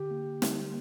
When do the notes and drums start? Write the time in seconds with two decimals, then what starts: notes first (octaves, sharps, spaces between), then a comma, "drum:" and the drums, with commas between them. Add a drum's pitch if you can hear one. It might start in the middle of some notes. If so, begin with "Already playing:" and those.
Already playing: D3 G4
0.11 A#3
0.42 G3, drum: snare